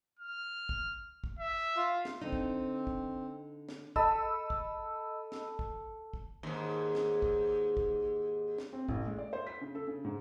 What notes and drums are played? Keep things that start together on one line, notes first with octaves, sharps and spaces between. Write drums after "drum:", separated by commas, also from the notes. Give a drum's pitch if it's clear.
F6
drum: kick
drum: kick
E5
F4
drum: snare
D3 C4 D#4
drum: kick
drum: kick
drum: snare
A4 D#5 B5 E6, drum: kick
drum: kick
drum: snare
drum: kick
drum: kick
D#2 G#2
drum: snare
drum: kick
drum: kick
drum: snare
C4
A1, drum: kick
G#3
D5
C5
B6
C#3
A4
C#3
G#2